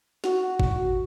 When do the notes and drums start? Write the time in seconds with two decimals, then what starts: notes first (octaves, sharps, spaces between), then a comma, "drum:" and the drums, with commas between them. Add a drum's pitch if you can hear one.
0.24 F#4, drum: snare
0.60 drum: kick